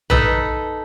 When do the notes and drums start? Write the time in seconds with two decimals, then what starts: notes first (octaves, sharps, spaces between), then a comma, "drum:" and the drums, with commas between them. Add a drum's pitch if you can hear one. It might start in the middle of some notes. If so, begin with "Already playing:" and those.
0.10 D#4 A4 B4, drum: tom A#1